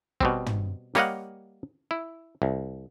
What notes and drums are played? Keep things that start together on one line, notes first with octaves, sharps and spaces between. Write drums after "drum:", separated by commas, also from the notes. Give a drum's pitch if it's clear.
B2 G3 C4, drum: kick
drum: tom
G3 A#3 C#5 D#5 F5 F#5, drum: snare
E4
C2